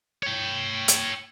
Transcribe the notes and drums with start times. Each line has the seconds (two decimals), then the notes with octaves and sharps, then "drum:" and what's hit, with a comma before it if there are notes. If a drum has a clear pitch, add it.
0.23 C#5 G5
0.88 drum: hi-hat